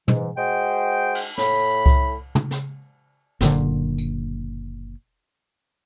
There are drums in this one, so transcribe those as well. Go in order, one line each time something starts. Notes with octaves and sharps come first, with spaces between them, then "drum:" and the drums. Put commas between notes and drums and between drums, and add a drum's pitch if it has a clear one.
G#2 E3, drum: tom
G#3 F#4 C5 D#5 G5
drum: cymbal
A2 B5, drum: snare
drum: kick C2
drum: tom
drum: snare
F#1 A#2 D3, drum: snare
drum: tambourine